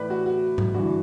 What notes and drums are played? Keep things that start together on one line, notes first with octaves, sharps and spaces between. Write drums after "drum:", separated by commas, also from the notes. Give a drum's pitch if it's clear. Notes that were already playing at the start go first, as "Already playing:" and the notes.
Already playing: A2 E3 B4 D5
F#4
F#4
drum: tom G#2
G2 E3 F#4